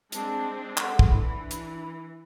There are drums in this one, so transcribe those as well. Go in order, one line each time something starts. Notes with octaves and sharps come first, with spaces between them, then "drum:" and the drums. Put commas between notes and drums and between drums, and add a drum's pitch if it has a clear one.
G#3 C4 D4 A5, drum: hi-hat
A4 F#5 C6, drum: clap
drum: kick
E3 D4 B5
drum: hi-hat